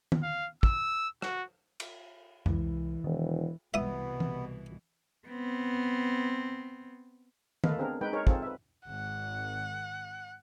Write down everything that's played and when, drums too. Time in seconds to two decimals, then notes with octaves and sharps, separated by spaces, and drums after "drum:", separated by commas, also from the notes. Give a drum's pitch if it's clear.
0.12 drum: tom D#3
0.23 F5
0.63 E6, drum: kick
1.22 F#4, drum: rim click
1.80 drum: cymbal
2.46 C2 E3 G#3, drum: tom F2
3.04 E1 D#3
3.74 C2 B2 E3 B3 E5 D#6
4.20 drum: tom E3
5.28 B3 C4
7.64 A3 A#3 A4 B4 D#5 F5, drum: tom D#3
7.78 B3 C4 D4 G#4 A#4
8.01 G#3 D#4 B4 G5
8.13 D#4 G#4 A#4 C#5
8.27 C4 D#4 F4 G#4 A4, drum: kick
8.42 B4 E5
8.87 G#1 F#5